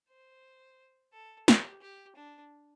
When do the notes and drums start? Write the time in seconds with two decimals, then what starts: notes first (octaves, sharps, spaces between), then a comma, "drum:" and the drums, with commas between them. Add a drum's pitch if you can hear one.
0.10 C5
1.13 A4
1.48 G4, drum: snare
1.82 G4
2.16 D4